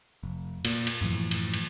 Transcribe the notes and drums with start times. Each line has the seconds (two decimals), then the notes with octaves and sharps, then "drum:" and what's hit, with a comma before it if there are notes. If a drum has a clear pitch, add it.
0.23 F1
0.65 A#2, drum: cymbal
0.87 drum: cymbal
1.01 F#2 A2 E3 F3
1.31 drum: cymbal
1.54 drum: cymbal